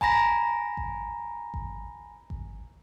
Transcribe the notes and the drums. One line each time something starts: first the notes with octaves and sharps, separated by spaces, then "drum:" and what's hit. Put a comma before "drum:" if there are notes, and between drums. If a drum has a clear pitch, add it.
G#5 A#5 B5 A#6, drum: kick G#1
drum: kick G#1
drum: kick G#1
drum: kick G#1